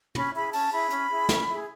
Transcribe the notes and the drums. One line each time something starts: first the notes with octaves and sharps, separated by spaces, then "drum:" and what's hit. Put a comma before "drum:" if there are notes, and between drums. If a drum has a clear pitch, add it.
C#4 B5, drum: tom
E4 G#4 B5
C#4 A5, drum: open hi-hat
E4 G#4 B5
C#4, drum: hi-hat
E4 G#4
C#4, drum: snare
E4 G#4